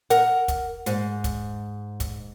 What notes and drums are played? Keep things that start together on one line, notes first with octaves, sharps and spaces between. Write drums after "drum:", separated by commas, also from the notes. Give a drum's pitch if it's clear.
A#4 F#5, drum: hi-hat
drum: kick, hi-hat
G#2, drum: hi-hat
drum: kick, hi-hat
drum: kick, hi-hat